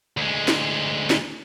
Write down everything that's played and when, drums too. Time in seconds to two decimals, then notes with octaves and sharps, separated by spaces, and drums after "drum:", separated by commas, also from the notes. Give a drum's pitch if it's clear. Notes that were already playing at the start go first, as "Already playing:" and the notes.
0.17 D2 G#3
0.48 drum: snare
1.10 drum: snare